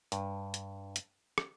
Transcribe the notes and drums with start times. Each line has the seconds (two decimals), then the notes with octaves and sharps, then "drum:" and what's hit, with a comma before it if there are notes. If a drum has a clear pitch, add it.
0.12 G2, drum: hi-hat
0.54 drum: hi-hat
0.96 drum: hi-hat
1.38 drum: rim click